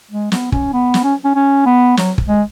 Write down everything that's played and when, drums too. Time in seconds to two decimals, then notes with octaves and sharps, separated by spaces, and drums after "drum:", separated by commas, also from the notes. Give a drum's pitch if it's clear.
0.11 G#3
0.32 B3, drum: snare
0.52 C#4, drum: kick
0.73 B3
0.94 drum: snare
1.04 C#4
1.25 C#4
1.35 C#4
1.66 B3
1.97 F#3, drum: snare
2.18 drum: kick
2.28 G#3